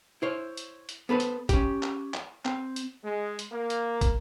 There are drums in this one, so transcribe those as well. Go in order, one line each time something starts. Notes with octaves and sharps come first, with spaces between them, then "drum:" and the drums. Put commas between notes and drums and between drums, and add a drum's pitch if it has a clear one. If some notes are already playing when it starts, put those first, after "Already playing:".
E4 C5 C#5
drum: hi-hat
drum: hi-hat
B3 A4 B4 C5
drum: hi-hat
C#4 G4, drum: kick, hi-hat
drum: clap
drum: clap
C4, drum: clap
drum: hi-hat
G#3
drum: hi-hat
A#3
drum: hi-hat
drum: kick, hi-hat